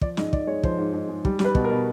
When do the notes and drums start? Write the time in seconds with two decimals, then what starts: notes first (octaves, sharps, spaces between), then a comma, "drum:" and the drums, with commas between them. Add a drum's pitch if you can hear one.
0.01 F3 D5, drum: kick
0.17 G#2 D#5, drum: snare
0.33 G#2 D5, drum: kick
0.47 G#3 C#5
0.63 F3 C5, drum: kick
0.78 G#2
0.93 G#2
1.09 G#3
1.25 G3, drum: kick
1.39 G3, drum: snare
1.44 B4
1.55 B2, drum: kick
1.64 A#4
1.70 B2